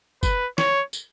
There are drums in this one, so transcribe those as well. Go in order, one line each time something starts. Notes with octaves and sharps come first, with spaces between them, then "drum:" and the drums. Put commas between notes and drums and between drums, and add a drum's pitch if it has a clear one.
B4, drum: kick, tambourine
C#5, drum: snare
drum: tambourine